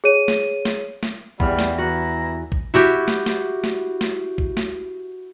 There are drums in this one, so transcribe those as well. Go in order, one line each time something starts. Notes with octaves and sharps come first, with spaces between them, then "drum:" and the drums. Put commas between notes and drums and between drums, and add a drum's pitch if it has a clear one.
G#4 C#5 D#7
drum: snare
drum: snare
drum: snare
E2 G3 B3 B5 F6, drum: kick
drum: snare
E3 F#4 A#5
drum: kick
E4 F#4 G4
drum: snare
drum: snare
drum: snare
drum: snare
drum: kick
drum: snare